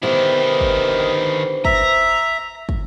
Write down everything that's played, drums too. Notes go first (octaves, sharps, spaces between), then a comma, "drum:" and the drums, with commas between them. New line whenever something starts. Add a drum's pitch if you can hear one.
D3 D#3 B3 E4 G4 C5
drum: kick
E5 A#5, drum: kick
drum: kick